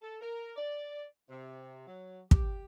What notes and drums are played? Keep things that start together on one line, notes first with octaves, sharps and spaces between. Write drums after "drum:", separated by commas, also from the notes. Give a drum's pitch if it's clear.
A4
A#4
D5
C3
F#3
G4, drum: kick